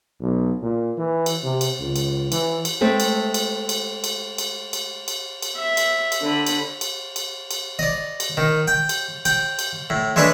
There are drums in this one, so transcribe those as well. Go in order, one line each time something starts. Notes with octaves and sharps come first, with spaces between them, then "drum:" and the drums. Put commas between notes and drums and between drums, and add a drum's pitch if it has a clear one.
B1
A#2
E3
drum: cymbal
C3
drum: cymbal
C#2
drum: cymbal
E3, drum: cymbal
drum: cymbal
G#3 A3 C4
drum: cymbal
drum: cymbal
drum: cymbal
drum: cymbal
drum: cymbal
drum: cymbal
drum: cymbal
drum: cymbal
E5
drum: cymbal
drum: cymbal
D3 B5
drum: cymbal
drum: cymbal
drum: cymbal
drum: cymbal
D5 D#5
drum: cymbal
D#3
G5
drum: cymbal
G5, drum: cymbal
drum: cymbal
A2
G#3 A3 D4 B4 C#5